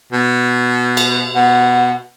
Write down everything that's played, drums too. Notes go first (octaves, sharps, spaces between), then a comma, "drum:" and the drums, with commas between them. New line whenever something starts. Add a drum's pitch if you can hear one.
B2
drum: cymbal
B2 F#5